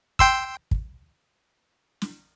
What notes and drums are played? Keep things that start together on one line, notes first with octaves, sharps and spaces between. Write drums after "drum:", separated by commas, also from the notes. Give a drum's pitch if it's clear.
G5 C6 E6, drum: kick
drum: kick
drum: snare